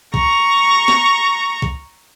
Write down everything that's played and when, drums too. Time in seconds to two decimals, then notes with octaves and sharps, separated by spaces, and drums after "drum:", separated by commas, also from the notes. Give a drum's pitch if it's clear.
0.14 A#5 C#6, drum: kick
0.88 drum: snare
1.62 drum: kick